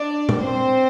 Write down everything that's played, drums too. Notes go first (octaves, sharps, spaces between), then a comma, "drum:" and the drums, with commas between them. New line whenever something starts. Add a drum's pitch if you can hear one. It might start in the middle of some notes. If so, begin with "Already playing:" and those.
Already playing: D4 D5
drum: tom A#2
C4 C5